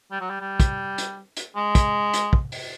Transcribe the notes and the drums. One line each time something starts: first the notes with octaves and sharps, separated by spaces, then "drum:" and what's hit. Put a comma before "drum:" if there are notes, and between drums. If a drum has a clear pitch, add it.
G3
F#3
G3
G3
drum: kick, hi-hat
drum: hi-hat
drum: hi-hat
G#3
drum: kick, hi-hat
drum: hi-hat
drum: kick
drum: open hi-hat